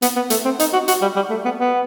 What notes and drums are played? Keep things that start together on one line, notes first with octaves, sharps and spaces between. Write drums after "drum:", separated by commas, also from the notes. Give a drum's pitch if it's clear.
B3, drum: hi-hat
B3
A3, drum: hi-hat
C4
D#4, drum: hi-hat
F#4
F#4, drum: hi-hat
G3
G3
A3
B3
B3